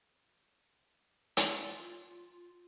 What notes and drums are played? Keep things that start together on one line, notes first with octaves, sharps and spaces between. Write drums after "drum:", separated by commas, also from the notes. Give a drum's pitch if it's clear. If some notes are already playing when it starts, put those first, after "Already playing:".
drum: hi-hat
F4